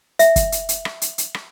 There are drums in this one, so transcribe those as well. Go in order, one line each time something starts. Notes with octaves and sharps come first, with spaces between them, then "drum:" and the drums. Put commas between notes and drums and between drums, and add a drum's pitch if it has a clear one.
E5, drum: hi-hat
drum: kick, hi-hat
drum: hi-hat
drum: hi-hat
drum: rim click
drum: hi-hat
drum: hi-hat
drum: rim click